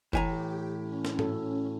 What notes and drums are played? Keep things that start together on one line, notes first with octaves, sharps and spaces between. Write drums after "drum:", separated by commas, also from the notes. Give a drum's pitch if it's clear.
A2 E3 G4 G#5 A#5, drum: kick
C#4
drum: snare
F#4 A4, drum: tom